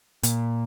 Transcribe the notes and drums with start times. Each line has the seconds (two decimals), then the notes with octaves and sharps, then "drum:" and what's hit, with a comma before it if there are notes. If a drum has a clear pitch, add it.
0.23 A#2, drum: hi-hat